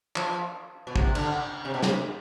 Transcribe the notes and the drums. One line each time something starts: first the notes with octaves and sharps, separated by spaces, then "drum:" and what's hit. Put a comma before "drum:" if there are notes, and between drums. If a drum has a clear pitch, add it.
F3, drum: clap
B2
C3, drum: kick
D3, drum: cymbal
C3
B2
C3, drum: snare